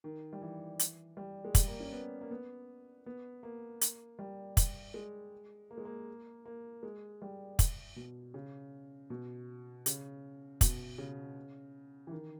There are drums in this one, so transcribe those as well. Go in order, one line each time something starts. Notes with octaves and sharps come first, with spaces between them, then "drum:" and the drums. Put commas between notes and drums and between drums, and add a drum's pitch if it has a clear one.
D#3
G3
E3
drum: hi-hat
G3
G#3
G3, drum: kick, hi-hat
A#3
C#4
B3
A#3
B3
B3
A#3
drum: hi-hat
G3
drum: kick, hi-hat
G#3
A#3
G#3
A#3
A#3
G#3
G3
drum: kick, hi-hat
B2
C#3
B2
C#3, drum: hi-hat
B2, drum: kick, hi-hat
C#3
E3
D#3